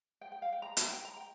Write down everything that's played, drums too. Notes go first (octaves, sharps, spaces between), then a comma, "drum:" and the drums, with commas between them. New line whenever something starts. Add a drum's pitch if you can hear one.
G5
G5
F5
G5
A#5
A#5, drum: hi-hat
G5
A#5
G5